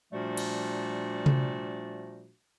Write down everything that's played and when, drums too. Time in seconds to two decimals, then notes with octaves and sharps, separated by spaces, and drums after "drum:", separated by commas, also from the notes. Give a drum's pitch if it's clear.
0.13 A#2 F3 G3 A3 D4 F#4
0.37 drum: cymbal
1.26 drum: tom C3